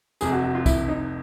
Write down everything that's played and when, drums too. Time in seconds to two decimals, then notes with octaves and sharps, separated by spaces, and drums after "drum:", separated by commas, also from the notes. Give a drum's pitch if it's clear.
0.21 F1 F2 C3 G#4, drum: tambourine
0.32 F#4
0.44 F#4
0.55 F4
0.66 E4, drum: kick C2, tambourine
0.88 D#4